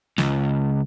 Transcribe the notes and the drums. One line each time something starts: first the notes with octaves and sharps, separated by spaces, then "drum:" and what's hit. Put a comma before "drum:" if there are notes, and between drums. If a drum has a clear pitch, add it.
C#2, drum: snare